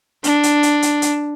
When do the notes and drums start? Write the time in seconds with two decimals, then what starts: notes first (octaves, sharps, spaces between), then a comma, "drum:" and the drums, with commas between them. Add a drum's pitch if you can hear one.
0.24 D4, drum: hi-hat
0.43 drum: hi-hat
0.63 drum: hi-hat
0.82 drum: hi-hat
1.02 drum: hi-hat